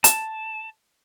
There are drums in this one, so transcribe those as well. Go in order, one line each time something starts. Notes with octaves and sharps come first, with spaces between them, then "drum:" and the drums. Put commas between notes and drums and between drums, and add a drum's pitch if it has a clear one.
A5, drum: hi-hat